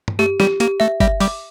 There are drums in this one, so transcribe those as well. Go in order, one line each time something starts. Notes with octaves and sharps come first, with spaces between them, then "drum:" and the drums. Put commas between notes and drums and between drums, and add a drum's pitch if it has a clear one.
drum: tom G2
A3 G4
G3 G4, drum: snare
A#3 G4, drum: hi-hat
A3 E5
G3 E5, drum: kick G1
G3 D6, drum: open hi-hat